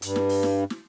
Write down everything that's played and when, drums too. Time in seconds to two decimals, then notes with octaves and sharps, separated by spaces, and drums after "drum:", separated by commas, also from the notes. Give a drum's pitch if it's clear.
0.02 G2, drum: hi-hat
0.16 drum: snare
0.29 drum: open hi-hat
0.43 drum: snare
0.70 drum: snare